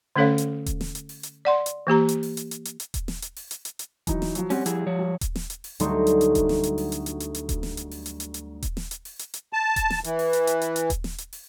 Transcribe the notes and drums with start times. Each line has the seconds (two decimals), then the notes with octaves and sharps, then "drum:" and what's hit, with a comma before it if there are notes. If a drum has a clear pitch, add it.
0.16 D3 A3 C#4 A4 C#5 F5
0.38 drum: hi-hat
0.66 drum: kick D#1, hi-hat
0.81 drum: snare
0.95 drum: hi-hat
1.09 drum: open hi-hat
1.23 drum: hi-hat
1.45 D5 F#5 C6
1.66 drum: hi-hat
1.87 E3 A#3 G4 A#5
2.09 drum: hi-hat
2.23 drum: open hi-hat
2.37 drum: hi-hat
2.51 drum: hi-hat
2.65 drum: hi-hat
2.80 drum: hi-hat
2.94 drum: kick D#1, hi-hat
3.08 drum: snare
3.22 drum: hi-hat
3.36 drum: open hi-hat
3.51 drum: hi-hat
3.65 drum: hi-hat
3.79 drum: hi-hat
4.07 E3 F#3 D#4, drum: kick D#1, hi-hat
4.22 drum: snare
4.35 F3 F#3, drum: hi-hat
4.50 G3 C4 C#4 F#5, drum: open hi-hat
4.66 F3 E4 G#4, drum: hi-hat
4.86 F3 C#5
4.99 G3
5.21 drum: kick D#1, hi-hat
5.36 drum: snare
5.50 drum: hi-hat
5.64 drum: open hi-hat
5.80 D2 F#3 G3 A3 D#4 C6, drum: hi-hat
6.07 drum: hi-hat
6.21 drum: hi-hat
6.35 drum: kick D#1, hi-hat
6.49 drum: snare
6.63 drum: hi-hat
6.78 drum: open hi-hat
6.92 drum: hi-hat
7.06 drum: hi-hat
7.20 drum: hi-hat
7.35 drum: hi-hat
7.49 drum: kick D#1, hi-hat
7.63 drum: snare
7.77 drum: hi-hat
7.91 drum: open hi-hat
8.06 drum: hi-hat
8.20 drum: hi-hat
8.34 drum: hi-hat
8.62 drum: kick D#1, hi-hat
8.77 drum: snare
8.91 drum: hi-hat
9.05 drum: open hi-hat
9.19 drum: hi-hat
9.34 drum: hi-hat
9.53 A5
9.76 drum: kick D#1, hi-hat
9.90 drum: snare
10.04 E3, drum: hi-hat
10.19 drum: open hi-hat
10.33 drum: hi-hat
10.47 drum: hi-hat
10.61 drum: hi-hat
10.76 drum: hi-hat
10.90 drum: kick D#1, hi-hat
11.04 drum: snare
11.18 drum: hi-hat
11.33 drum: open hi-hat